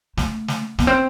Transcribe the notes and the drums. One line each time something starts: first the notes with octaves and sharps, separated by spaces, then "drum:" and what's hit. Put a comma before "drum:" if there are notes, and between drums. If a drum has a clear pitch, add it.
A3, drum: snare
drum: snare
B3, drum: snare
C4